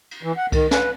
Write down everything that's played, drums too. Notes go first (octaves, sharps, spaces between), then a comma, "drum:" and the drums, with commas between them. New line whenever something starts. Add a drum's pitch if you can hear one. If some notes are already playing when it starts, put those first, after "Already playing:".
drum: cymbal
E3
F#5
D#3, drum: kick C2, cymbal
B4, drum: snare